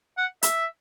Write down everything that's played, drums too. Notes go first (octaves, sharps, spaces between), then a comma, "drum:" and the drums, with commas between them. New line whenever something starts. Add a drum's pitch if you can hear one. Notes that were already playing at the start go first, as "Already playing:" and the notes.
F#5
E5, drum: hi-hat